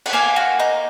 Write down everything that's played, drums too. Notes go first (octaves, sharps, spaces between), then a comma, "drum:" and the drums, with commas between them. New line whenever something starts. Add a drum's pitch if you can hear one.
F#5, drum: cymbal
A#3 F5 G#5
F#4
D#4